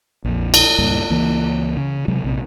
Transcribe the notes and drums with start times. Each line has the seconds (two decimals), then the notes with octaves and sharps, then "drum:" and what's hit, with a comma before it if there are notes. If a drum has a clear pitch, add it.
0.24 A#1 F2
0.54 drum: cymbal
0.78 C#2 G2 A#2
1.10 C#2 E3 A#3
1.77 C#3
2.08 C3 F#3 G#3
2.24 A#1 C3